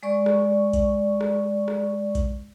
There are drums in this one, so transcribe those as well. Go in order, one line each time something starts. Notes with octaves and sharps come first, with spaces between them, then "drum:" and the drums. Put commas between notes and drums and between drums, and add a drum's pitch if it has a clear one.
G#3 D5 C#6
drum: rim click
drum: kick A#1, hi-hat
drum: rim click
drum: rim click
drum: kick A#1, hi-hat